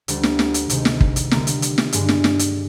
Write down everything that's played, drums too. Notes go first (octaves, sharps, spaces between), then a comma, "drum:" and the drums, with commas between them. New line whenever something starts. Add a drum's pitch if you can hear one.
D2 D3 G3 D4, drum: hi-hat
drum: snare
drum: snare
drum: hi-hat
D2 C3 D#3 G#3, drum: hi-hat
drum: snare
drum: kick
drum: hi-hat
D3 G3 A#3 D#4 A#4, drum: snare
drum: hi-hat
drum: hi-hat
drum: snare
G2 D3 G#3 D4, drum: hi-hat
drum: snare
drum: snare
drum: hi-hat